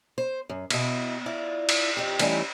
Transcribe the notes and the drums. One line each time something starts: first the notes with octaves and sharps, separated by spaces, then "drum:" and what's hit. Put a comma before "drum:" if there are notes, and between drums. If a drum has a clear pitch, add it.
C5
F#2
B2 E4, drum: cymbal
E4 F4 D5
drum: cymbal
F2 G4
E3 G3 A3 C#4 D#4 E4, drum: cymbal